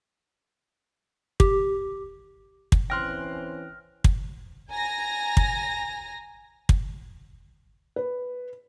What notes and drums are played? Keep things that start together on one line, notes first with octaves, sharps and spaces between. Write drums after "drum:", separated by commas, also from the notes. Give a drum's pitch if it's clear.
G4, drum: kick
drum: kick
E3 C4 C#4 G5 C6 F6 F#6 A#6
drum: kick
G#5 A#5 A#6
drum: kick
drum: kick
B4